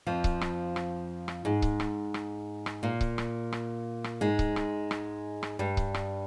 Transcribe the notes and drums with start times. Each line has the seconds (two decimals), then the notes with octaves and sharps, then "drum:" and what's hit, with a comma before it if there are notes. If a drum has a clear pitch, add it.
0.07 F2 F3
0.24 drum: kick C#1
0.41 drum: rim click
0.76 drum: rim click
1.28 drum: rim click
1.45 G#2 G#3
1.62 drum: kick C#1
1.80 drum: rim click
2.14 drum: rim click
2.66 drum: rim click
2.83 A#2 A#3
3.01 drum: kick C#1
3.18 drum: rim click
3.52 drum: rim click
4.04 drum: rim click
4.21 G#2 G#3
4.39 drum: kick C#1
4.56 drum: rim click
4.91 drum: rim click
5.43 drum: rim click
5.59 G2 G3
5.77 drum: kick C#1
5.94 drum: rim click